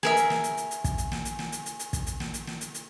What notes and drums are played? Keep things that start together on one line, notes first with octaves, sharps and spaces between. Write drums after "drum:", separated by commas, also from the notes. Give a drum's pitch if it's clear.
G#4 A#4 E5, drum: snare
drum: hi-hat
drum: snare
drum: hi-hat
drum: hi-hat
drum: hi-hat
drum: kick, hi-hat
drum: hi-hat
drum: snare
drum: hi-hat
drum: snare
drum: hi-hat
drum: hi-hat
drum: hi-hat
drum: kick, hi-hat
drum: hi-hat
drum: snare
drum: hi-hat
drum: snare
drum: hi-hat
drum: hi-hat